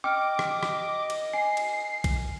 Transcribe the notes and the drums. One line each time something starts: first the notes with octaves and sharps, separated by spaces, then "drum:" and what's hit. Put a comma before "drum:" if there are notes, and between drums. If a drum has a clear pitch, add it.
D#5 G5 D6 F6
drum: rim click
drum: rim click
drum: cymbal
G#5 C7
drum: cymbal
drum: kick A#1, cymbal